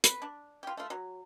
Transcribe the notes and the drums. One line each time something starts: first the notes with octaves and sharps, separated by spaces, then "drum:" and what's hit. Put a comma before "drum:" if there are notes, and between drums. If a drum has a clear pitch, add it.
B4, drum: hi-hat
D4
F4 G4
A3 F4
F#3